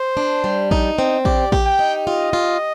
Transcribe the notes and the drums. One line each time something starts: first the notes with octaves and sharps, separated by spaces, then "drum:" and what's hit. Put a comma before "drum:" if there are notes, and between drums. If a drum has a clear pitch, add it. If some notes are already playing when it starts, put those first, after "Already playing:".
Already playing: C5
D4
G3
D#4, drum: kick A#1
C4
G4 D5, drum: kick A#1
G4, drum: kick A#1
G5
D#4
F4 D#5
F4